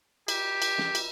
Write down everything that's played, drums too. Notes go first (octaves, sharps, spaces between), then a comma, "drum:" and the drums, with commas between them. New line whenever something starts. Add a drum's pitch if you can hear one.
G4, drum: cymbal
drum: cymbal
drum: snare
drum: cymbal